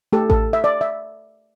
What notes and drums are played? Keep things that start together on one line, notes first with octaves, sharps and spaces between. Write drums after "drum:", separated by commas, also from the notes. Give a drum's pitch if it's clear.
A3 G4 A4
A4, drum: kick A1
E5
D5
E5